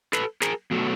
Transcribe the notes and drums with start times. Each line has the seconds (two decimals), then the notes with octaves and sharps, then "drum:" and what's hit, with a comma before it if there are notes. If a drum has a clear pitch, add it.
0.13 A4 B4, drum: snare
0.42 G#4 A#4, drum: snare
0.71 B2 F#3 A3